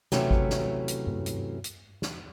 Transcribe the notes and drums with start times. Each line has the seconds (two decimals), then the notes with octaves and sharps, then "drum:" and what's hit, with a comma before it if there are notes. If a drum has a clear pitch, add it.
0.12 C3 E3 F#3 A3 C#4, drum: snare
0.31 drum: kick G#1
0.50 drum: snare
0.88 drum: hi-hat
1.07 drum: tom G2
1.26 drum: hi-hat
1.64 drum: hi-hat
2.02 drum: snare